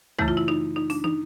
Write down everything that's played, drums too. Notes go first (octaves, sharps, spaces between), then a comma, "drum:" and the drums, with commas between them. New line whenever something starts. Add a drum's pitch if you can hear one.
F#2 C#3 E3 A3 E4, drum: kick
F4
E4
D#4
D#4
D4, drum: open hi-hat
D#4, drum: tom